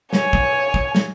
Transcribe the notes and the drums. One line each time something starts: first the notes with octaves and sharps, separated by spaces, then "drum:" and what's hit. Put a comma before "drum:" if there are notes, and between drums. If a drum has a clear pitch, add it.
C#5 G#5, drum: snare
drum: kick
drum: kick
drum: snare